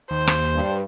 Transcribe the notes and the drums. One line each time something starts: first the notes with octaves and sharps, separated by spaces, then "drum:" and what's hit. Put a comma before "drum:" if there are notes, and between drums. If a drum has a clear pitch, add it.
D#2 C5
drum: rim click
G2